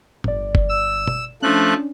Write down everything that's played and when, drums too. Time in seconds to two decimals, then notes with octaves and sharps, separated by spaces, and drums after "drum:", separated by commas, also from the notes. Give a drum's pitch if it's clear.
0.24 G1 D5, drum: tom
0.55 drum: kick G1
0.69 E6
1.07 drum: tom
1.42 F3 A3 C#4 D4 F#6